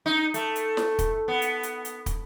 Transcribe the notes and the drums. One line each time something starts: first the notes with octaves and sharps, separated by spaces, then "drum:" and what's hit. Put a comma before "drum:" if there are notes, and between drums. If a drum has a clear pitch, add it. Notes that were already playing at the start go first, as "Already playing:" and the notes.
D#4
A3, drum: hi-hat
drum: hi-hat
drum: snare
drum: kick, hi-hat
B3
drum: hi-hat
drum: hi-hat
drum: hi-hat
drum: kick, hi-hat